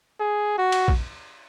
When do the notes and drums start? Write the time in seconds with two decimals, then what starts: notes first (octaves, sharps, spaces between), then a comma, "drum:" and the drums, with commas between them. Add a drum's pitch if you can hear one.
0.20 G#4
0.58 F#4
0.72 drum: cymbal
0.88 drum: kick A#1